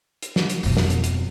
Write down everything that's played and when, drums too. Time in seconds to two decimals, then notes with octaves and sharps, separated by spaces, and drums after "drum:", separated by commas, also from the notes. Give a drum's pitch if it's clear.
0.22 drum: hi-hat
0.36 drum: snare
0.50 drum: hi-hat
0.63 F2 B2, drum: open hi-hat
0.77 drum: snare
0.90 drum: hi-hat
1.04 drum: hi-hat